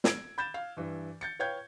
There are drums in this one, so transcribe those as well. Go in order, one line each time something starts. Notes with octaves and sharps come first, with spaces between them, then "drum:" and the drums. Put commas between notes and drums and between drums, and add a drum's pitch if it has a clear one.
E6 G#6 D7, drum: snare
B5 G6 A6 E7
F5
G2 E3
G6 A6 C#7
B4 C#5 F5 G5 G6 G#6